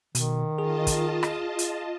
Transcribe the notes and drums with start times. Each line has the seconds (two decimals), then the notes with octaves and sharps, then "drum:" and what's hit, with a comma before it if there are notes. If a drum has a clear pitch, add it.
0.15 B2 D#3, drum: hi-hat
0.58 F4 G#4 D#5 A5
0.87 drum: kick, hi-hat
1.23 drum: rim click
1.59 drum: hi-hat